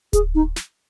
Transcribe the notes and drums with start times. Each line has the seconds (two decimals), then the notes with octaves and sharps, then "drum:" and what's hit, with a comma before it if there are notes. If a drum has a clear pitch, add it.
0.13 G#4, drum: kick D1, hi-hat
0.35 D#4
0.56 drum: snare